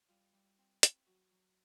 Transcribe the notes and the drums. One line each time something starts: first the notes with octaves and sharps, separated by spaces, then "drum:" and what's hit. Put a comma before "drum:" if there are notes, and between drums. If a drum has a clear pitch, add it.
G3 F4
G3
C4
C4, drum: hi-hat
F#3 F#4
F#3